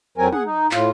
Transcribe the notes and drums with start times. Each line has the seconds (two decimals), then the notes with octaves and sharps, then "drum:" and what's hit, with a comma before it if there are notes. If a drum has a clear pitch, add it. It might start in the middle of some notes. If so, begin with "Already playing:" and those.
0.18 F2 F#3 C4 A#4 G#5
0.33 G#4 F#5, drum: tom
0.45 D#4
0.71 A2 F4, drum: clap